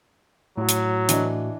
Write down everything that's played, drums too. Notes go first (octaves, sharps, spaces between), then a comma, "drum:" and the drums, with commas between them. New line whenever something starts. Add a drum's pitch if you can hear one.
A2 F#3 F#4
drum: hi-hat
E3 D4 D#5, drum: hi-hat